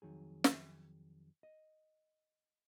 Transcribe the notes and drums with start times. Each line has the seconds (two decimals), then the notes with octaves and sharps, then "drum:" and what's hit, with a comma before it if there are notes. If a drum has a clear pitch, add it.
0.02 F2 B2 D#3 F#3 G#4
0.44 drum: snare
1.43 D#5